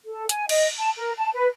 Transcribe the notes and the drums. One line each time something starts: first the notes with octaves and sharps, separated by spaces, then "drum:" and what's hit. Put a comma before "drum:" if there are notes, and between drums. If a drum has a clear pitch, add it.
A4
G#5, drum: hi-hat
D#5, drum: cymbal
A5
A#4
A5
B4